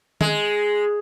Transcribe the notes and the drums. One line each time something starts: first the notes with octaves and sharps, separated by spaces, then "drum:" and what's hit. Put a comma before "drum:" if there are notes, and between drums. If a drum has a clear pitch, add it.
G#3, drum: tom D#3